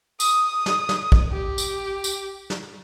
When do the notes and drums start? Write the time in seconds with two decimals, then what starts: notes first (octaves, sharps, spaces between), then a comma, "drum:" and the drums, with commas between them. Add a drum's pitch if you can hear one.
0.20 D#6, drum: tambourine
0.66 drum: snare
0.89 drum: snare
1.12 drum: kick
1.32 G4
1.58 drum: tambourine
2.04 drum: tambourine
2.50 drum: snare